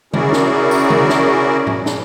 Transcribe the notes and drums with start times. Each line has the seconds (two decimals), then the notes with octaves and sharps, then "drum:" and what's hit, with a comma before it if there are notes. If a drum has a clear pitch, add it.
0.14 C#4 E4 F#4 G#4 A#4 D5, drum: tom C3
0.33 drum: snare
0.71 drum: tambourine
0.90 drum: tom C3
1.09 drum: snare
1.67 drum: tom G#2
1.86 drum: snare